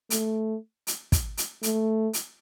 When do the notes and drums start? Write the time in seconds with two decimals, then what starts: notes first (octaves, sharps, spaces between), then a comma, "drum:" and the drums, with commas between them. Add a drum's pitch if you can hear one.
0.10 A3, drum: hi-hat
0.87 drum: hi-hat
1.12 drum: kick, hi-hat
1.38 drum: hi-hat
1.63 A3, drum: hi-hat
2.13 drum: hi-hat